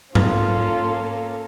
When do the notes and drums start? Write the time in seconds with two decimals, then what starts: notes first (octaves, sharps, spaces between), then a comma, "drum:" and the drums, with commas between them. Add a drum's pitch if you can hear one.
0.15 A#3 C#4 F4 A4, drum: tom G#2